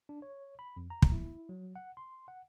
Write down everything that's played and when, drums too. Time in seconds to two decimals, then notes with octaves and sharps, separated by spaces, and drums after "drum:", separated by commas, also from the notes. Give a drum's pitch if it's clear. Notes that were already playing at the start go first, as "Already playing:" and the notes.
0.09 D4
0.22 C#5
0.59 B5
0.76 F2
0.90 A#5
1.02 drum: kick
1.12 E4
1.49 F#3
1.76 F#5
1.97 C6
2.28 F#5